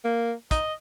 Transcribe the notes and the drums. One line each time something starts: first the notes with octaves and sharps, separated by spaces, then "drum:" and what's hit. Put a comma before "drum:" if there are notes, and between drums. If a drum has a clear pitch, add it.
A#3
D#5, drum: kick, hi-hat